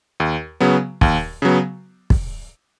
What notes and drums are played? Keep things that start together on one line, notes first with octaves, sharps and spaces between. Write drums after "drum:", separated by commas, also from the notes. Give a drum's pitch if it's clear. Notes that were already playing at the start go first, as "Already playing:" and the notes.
D#2
C#3 F#3 B3
D#2, drum: kick
C#3 F#3 B3
drum: kick